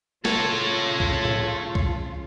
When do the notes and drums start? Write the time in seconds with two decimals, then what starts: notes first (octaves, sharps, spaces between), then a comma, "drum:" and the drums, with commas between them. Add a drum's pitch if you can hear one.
0.25 C#3 F4 A4 C#5, drum: snare
1.00 drum: kick C2
1.25 drum: tom A2
1.75 drum: kick C2